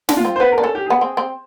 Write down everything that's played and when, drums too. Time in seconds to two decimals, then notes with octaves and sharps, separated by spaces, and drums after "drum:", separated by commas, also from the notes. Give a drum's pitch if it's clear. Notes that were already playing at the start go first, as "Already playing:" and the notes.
0.09 D4, drum: snare
0.17 F4
0.25 C4
0.36 C5
0.40 B3 B4
0.52 A#4
0.58 D4
0.63 C#4 A4
0.75 G4
0.86 B3 G#4
1.01 C4
1.17 C4